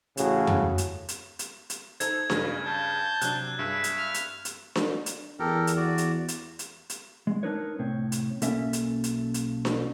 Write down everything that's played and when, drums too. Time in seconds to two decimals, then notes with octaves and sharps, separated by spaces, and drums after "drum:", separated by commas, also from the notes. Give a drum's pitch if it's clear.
0.17 A1 A2 C#3 F#4, drum: hi-hat
0.47 drum: tom F2
0.78 drum: hi-hat
1.09 drum: hi-hat
1.39 drum: hi-hat
1.70 drum: hi-hat
2.00 D#4 A4 C5 G#6, drum: hi-hat
2.30 G2 C#3 D#5, drum: snare D4
2.66 A5 G6
3.21 C3 F#3 D4 F#6, drum: hi-hat
3.59 G2 G#4 E5
3.84 drum: hi-hat
3.97 F6
4.14 drum: hi-hat
4.45 drum: hi-hat
4.75 drum: snare D4
5.06 drum: hi-hat
5.39 E2 G4 A4 A#4
5.67 drum: hi-hat
5.77 F#4 D5
5.98 drum: hi-hat
6.28 drum: hi-hat
6.59 drum: hi-hat
6.90 drum: hi-hat
7.27 G#3
7.43 D4 D#4 A#4 B4 C#5
7.78 C2 A2 C4 C#5
8.12 drum: hi-hat
8.42 B1 A#3 C#4 A4 E5, drum: hi-hat
8.73 drum: hi-hat
9.04 drum: hi-hat
9.34 drum: hi-hat
9.65 drum: snare D4